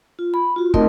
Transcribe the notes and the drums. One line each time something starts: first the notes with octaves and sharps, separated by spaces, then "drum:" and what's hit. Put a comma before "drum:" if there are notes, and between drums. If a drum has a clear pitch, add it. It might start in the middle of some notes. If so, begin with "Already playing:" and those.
F4
B5
F4 F#4
A3 C4 D#4 A#4 D#5, drum: kick